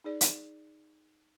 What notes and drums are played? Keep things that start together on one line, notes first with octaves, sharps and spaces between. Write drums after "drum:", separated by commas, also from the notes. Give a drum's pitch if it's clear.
D#4 G#4 D5
drum: hi-hat